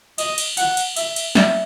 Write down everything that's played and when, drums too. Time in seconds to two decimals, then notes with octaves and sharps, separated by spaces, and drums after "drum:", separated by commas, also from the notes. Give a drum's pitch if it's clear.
0.18 D#5, drum: cymbal
0.38 drum: cymbal
0.57 F#5, drum: cymbal
0.77 drum: cymbal
0.97 E5, drum: cymbal
1.16 drum: cymbal
1.35 E5, drum: snare